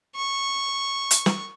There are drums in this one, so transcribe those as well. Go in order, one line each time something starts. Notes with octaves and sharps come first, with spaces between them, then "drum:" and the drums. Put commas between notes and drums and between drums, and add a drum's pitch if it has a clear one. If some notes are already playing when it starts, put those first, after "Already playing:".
C#6
drum: hi-hat
drum: snare